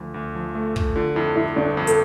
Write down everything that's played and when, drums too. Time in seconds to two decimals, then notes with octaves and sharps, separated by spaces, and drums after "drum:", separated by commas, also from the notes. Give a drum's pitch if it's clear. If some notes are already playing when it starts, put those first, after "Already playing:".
Already playing: D2 F3
0.14 D2
0.35 F3
0.55 A3
0.76 A3, drum: kick
0.96 D3 F4
1.15 F2 E4
1.36 F2 E4
1.56 G1 D4
1.77 F2
1.87 A4, drum: hi-hat